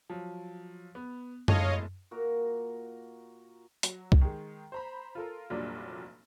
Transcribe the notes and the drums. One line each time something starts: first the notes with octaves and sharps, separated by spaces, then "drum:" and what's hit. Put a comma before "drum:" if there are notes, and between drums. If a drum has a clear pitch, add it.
F3 F#3
B3
E1 A2 C#5 D#5 F5 A5, drum: tom F#2
A#2 F#4 A#4
F#3, drum: hi-hat
drum: kick C2
D#3 G#3
C5 A#5 B5
F4 A4 A#4
F1 A#2 F#3 G3 D4